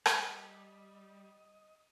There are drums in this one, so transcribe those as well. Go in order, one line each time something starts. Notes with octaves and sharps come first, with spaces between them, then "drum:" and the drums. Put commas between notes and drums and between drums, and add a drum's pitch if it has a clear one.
G3 D#5, drum: rim click